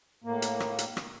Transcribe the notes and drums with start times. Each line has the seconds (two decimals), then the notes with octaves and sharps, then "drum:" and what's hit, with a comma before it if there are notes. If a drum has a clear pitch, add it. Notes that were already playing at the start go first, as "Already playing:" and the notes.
0.24 A2 A#3
0.42 drum: hi-hat
0.60 drum: rim click
0.79 drum: hi-hat
0.97 drum: rim click